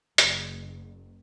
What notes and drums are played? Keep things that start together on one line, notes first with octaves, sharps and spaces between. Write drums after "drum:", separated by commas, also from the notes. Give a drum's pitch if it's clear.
F#1, drum: hi-hat